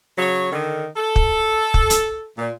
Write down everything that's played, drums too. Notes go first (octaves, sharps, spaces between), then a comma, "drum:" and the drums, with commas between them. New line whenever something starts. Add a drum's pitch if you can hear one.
C#3 F#3 C#5
D3 D#3
A4
drum: kick
drum: kick
drum: hi-hat
A#2